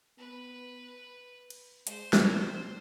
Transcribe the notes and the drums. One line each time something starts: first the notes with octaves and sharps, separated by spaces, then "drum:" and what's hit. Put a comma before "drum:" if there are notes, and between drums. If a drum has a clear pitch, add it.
B3 B4
drum: cymbal
G#3 C5, drum: hi-hat
drum: snare
G3